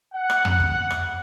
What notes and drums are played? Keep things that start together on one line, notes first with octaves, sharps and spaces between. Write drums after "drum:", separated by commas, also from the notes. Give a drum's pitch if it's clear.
F#5
drum: rim click
drum: tom
drum: kick
drum: rim click